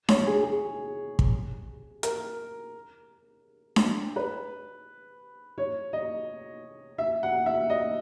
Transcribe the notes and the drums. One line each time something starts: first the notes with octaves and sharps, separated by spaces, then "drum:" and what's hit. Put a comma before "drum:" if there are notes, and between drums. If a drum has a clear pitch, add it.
C#5, drum: snare D4
G#4
G#4
drum: kick
A#4, drum: hi-hat
drum: snare D4
B4
C#5
D#5
E5
F#5
E5
D#5